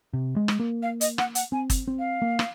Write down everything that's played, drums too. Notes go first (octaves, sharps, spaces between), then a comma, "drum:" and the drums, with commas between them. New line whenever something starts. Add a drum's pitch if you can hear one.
C3
G#3
drum: rim click
A#3
F5
D#5, drum: hi-hat
F#5, drum: rim click
F#5, drum: hi-hat
C4 G#5
drum: kick, hi-hat
C4
F5
A#3
drum: rim click